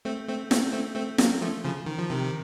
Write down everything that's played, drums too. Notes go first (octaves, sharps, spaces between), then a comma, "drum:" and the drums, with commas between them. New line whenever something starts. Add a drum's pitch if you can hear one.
A3 C4
A3 C4
A3 C4, drum: snare
A3 C4
A3 C4
F#3 A#3, drum: snare
F3 A3
C#3 F3
D#3
F3
C3 D#3